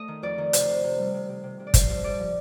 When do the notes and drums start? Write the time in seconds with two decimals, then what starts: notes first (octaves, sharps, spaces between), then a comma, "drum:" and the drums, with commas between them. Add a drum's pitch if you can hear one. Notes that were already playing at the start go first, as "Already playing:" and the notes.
Already playing: A3 D#5
0.08 D#3
0.23 F2 D5
0.38 D#3
0.53 C3 C5, drum: hi-hat
0.68 C3
0.84 C3
0.98 G3
1.14 C3
1.29 C3
1.43 C3
1.60 C3
1.67 D5
1.74 F3 C5, drum: kick G1, hi-hat
1.89 G2
2.04 G2 D5
2.19 F3